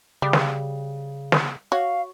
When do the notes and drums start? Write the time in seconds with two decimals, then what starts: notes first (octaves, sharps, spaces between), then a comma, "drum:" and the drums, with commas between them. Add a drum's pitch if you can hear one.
0.22 C#3 G3
0.33 drum: snare
1.32 drum: snare
1.72 F#4 C#5 F5